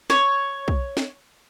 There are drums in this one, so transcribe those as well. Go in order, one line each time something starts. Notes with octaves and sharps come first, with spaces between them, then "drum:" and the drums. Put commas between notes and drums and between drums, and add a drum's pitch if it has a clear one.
C#5, drum: snare
drum: kick
drum: snare